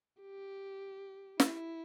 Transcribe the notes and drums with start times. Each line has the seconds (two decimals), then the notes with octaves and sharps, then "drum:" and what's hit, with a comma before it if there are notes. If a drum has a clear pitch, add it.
0.22 G4
1.40 E4, drum: snare